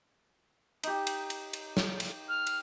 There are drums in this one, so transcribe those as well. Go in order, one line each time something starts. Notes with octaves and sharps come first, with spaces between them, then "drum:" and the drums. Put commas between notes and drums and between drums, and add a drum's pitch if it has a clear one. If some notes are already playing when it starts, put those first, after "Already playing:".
D#4 G4, drum: cymbal
drum: cymbal
drum: cymbal
drum: cymbal
drum: snare
drum: cymbal
F6
drum: cymbal